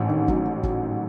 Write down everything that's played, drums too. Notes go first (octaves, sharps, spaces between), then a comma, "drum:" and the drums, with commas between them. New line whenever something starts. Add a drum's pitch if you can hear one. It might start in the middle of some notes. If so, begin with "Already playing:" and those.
Already playing: A1 G#2
D#3
F#3, drum: kick
drum: kick